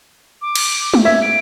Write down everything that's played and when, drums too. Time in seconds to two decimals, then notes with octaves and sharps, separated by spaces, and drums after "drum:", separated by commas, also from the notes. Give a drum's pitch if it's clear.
0.42 D6
0.55 drum: cymbal
0.94 drum: tom G#3
1.05 E5 G#6
1.22 D7